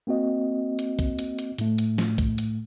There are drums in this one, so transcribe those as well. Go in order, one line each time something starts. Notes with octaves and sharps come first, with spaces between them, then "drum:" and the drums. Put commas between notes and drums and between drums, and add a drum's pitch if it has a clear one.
A#3 C4 F#4 D#5
drum: hi-hat
drum: kick, hi-hat
drum: hi-hat
drum: hi-hat
A2 A3, drum: hi-hat
drum: hi-hat
drum: snare
drum: kick, hi-hat
drum: hi-hat